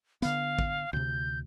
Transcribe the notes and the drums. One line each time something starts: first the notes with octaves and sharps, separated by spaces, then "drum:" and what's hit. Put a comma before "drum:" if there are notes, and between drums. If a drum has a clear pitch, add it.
D3 B3 F5, drum: hi-hat
drum: kick
D2 C3 G6